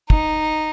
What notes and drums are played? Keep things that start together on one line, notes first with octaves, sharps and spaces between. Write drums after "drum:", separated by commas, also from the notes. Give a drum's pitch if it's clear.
D#4, drum: kick